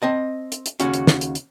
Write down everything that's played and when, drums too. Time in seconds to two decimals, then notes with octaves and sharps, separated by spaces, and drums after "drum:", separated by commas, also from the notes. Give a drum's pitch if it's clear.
0.02 C4 D#5 A5
0.52 drum: hi-hat
0.66 drum: hi-hat
0.80 D#2 C#3 C#4 F#4, drum: hi-hat
0.94 drum: hi-hat
1.07 drum: snare
1.21 drum: hi-hat
1.35 drum: hi-hat